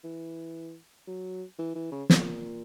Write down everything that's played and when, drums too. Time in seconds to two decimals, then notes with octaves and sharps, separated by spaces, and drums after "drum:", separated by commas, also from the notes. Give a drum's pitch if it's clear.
0.04 E3
1.07 F#3
1.58 E3
1.75 E3
1.91 C#3
2.10 A#2, drum: snare